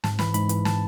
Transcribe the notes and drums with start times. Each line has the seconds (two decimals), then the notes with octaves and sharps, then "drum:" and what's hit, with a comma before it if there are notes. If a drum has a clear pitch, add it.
0.04 G#2 A5, drum: snare
0.19 E3 B5, drum: snare
0.34 G#2 B5, drum: hi-hat
0.49 E3, drum: hi-hat
0.65 A5, drum: snare